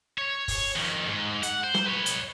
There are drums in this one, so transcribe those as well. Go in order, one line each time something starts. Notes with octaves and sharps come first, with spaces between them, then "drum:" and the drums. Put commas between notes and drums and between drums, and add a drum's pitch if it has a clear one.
C#5
drum: kick, open hi-hat
F2 D#3
G#2
F#5, drum: hi-hat
C5
drum: snare
B4 C#5
drum: hi-hat